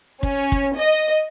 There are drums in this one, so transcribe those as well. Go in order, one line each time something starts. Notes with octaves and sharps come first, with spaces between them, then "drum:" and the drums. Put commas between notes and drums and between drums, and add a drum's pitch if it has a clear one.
C#4, drum: kick
drum: kick
D#5